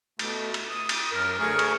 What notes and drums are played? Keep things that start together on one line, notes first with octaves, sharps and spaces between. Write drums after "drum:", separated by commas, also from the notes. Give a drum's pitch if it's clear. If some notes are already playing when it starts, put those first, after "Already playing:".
B2 A3, drum: cymbal
drum: cymbal
D#6
drum: cymbal
F#2 A#4
D2 A3 G#4 A#4 C#6
drum: cymbal